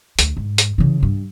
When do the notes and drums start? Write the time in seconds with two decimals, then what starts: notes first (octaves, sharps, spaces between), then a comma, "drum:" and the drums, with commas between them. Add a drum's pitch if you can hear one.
0.19 D2, drum: hi-hat
0.37 G#2
0.58 drum: hi-hat
0.78 C#3 E3
1.03 G2